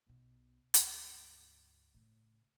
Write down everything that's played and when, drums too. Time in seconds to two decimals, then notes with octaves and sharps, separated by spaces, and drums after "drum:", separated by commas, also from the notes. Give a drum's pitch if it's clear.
0.07 B1 B2
0.74 C#2 G2, drum: hi-hat
1.94 A2 C#3